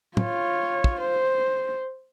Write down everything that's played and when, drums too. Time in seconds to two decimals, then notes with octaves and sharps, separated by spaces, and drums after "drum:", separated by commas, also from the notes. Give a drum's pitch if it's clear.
0.17 F4 C#5, drum: tom
0.84 drum: kick
1.01 C5